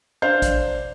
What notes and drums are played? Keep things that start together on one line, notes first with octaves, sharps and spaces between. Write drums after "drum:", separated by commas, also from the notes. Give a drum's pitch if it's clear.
D4 C5 F5 G6
drum: kick A1, hi-hat